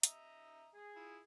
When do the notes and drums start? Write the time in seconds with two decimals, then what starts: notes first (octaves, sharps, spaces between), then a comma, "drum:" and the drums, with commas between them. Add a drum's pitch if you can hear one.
0.03 D#5 E5 A#5, drum: hi-hat
0.74 G#4
0.96 E4 F4